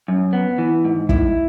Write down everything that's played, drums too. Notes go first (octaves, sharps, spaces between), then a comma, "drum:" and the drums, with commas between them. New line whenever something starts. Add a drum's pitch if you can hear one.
F#2
B3
E3
G#2
E4, drum: kick